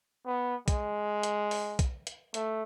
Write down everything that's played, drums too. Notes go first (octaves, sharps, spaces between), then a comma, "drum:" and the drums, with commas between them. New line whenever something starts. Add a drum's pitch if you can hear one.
B3
G#3, drum: kick, hi-hat
drum: hi-hat
drum: open hi-hat
drum: kick, hi-hat
drum: hi-hat
A3, drum: hi-hat